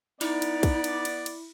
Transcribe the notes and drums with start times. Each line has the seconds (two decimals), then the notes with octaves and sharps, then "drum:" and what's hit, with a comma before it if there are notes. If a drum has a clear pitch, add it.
0.21 B3 D#4 E4 D5, drum: cymbal
0.42 drum: cymbal
0.63 drum: kick, cymbal
0.84 drum: cymbal
1.05 drum: cymbal
1.26 drum: cymbal